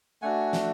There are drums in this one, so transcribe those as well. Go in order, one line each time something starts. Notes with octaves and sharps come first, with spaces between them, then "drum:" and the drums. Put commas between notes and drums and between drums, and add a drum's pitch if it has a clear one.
A3 D4 F#4 F#5 G#5
drum: snare